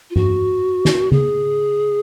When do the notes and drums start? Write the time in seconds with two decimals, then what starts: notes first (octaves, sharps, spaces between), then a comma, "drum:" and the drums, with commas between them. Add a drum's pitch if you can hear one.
0.10 F4
0.16 F#4, drum: tom G2
0.85 drum: snare
1.12 G#4, drum: tom C#3